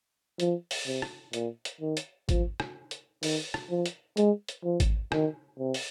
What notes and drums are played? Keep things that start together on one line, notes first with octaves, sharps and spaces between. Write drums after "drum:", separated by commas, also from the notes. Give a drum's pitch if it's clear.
F3, drum: hi-hat
drum: open hi-hat
C3
drum: rim click
A#2, drum: hi-hat
drum: hi-hat
D#3
drum: hi-hat
F3, drum: kick G#1, hi-hat
drum: rim click
drum: hi-hat
D#3, drum: open hi-hat
drum: rim click
F3
drum: hi-hat
G#3, drum: hi-hat
drum: hi-hat
F3
drum: kick G#1, hi-hat
D#3, drum: rim click
C3
drum: open hi-hat